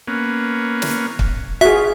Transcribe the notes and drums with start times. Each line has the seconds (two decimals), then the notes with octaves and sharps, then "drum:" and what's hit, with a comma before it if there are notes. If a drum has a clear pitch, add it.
0.08 A#3 B3 C#4
0.82 drum: snare
1.19 drum: kick
1.61 F4 F#4 G#4 E5